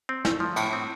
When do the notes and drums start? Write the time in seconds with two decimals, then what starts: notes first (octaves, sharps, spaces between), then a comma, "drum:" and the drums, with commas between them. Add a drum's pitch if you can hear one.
0.09 C4
0.25 A3, drum: snare
0.40 F3
0.56 A2, drum: cymbal
0.73 C4